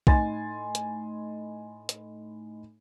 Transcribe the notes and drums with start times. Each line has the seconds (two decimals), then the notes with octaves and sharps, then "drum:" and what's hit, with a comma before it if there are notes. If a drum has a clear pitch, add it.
0.07 A2 D#4 G#5 C6 A6, drum: kick
0.75 drum: hi-hat
1.89 drum: hi-hat